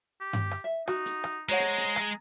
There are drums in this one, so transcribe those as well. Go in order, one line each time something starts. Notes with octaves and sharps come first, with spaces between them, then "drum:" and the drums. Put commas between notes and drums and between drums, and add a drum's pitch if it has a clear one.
G4
drum: tom G2
drum: rim click
E5
D#4 F#4, drum: rim click
drum: hi-hat
drum: rim click
G#3 C5 C#5 F#5 A#5
drum: hi-hat
drum: hi-hat
drum: rim click